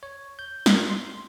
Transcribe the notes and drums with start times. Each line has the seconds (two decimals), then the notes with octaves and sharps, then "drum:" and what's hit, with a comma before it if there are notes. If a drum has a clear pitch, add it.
0.03 C#5
0.39 G6
0.66 A#4, drum: snare
0.90 C6